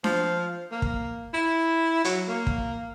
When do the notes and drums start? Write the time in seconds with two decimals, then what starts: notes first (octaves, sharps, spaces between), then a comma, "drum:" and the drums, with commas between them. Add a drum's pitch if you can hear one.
0.04 F3, drum: snare D4
0.72 A#3
0.82 drum: kick
1.33 E4
2.04 F#3, drum: hi-hat
2.28 A#3
2.47 drum: kick